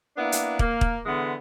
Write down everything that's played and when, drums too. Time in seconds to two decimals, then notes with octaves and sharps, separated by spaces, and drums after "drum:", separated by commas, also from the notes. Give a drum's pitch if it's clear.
0.17 A#3 B3 D4 E4
0.32 drum: hi-hat
0.59 A#3, drum: kick
0.81 drum: kick
1.06 D3 E3 G#3 B3